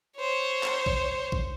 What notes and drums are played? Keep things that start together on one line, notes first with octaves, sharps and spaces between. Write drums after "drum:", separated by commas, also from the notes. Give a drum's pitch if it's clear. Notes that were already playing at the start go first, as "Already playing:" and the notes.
C5 C#5
drum: clap
drum: kick A1
drum: kick A1